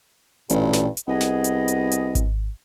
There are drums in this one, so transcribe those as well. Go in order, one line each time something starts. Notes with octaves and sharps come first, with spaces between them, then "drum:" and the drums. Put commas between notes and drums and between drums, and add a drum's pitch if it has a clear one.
A1 G2 A#2, drum: hi-hat
drum: snare
drum: hi-hat
C2 B3 G#4 D#5
drum: snare
drum: hi-hat
drum: hi-hat
drum: hi-hat
drum: kick G#1, hi-hat